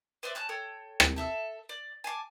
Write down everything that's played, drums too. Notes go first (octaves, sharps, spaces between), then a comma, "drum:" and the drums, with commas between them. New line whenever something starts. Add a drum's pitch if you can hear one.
B4 C5 D5 E5
C#4 A5 F#6 G6
A4 C#5 G5
drum: rim click
A4 E5 E6
D5
G#5 A5 C6 D6